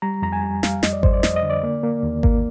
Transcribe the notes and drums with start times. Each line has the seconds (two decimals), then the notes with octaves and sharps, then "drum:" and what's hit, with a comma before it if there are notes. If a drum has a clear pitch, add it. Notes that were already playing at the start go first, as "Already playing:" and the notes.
0.02 G3 A#5
0.22 F2 A#5
0.32 G#5
0.43 G3
0.63 G3 F5, drum: snare
0.83 F2 D#5, drum: snare
0.93 D5
1.03 F2 C5, drum: kick G#1
1.13 D5
1.23 F2 D#5, drum: snare
1.36 D#5
1.43 D3
1.50 D5
1.63 A#3
1.83 A#3
2.03 D#2
2.23 A#3, drum: kick G#1